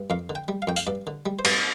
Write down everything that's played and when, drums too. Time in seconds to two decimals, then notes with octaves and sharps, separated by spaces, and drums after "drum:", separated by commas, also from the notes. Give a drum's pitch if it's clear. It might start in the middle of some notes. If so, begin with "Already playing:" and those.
Already playing: G2
0.10 F2 F5
0.29 D3
0.35 G5
0.48 G3
0.62 F5
0.67 F2 G5
0.76 F5, drum: tambourine
0.87 G2 D5
1.07 D3
1.26 G3
1.39 C5
1.45 G2, drum: cymbal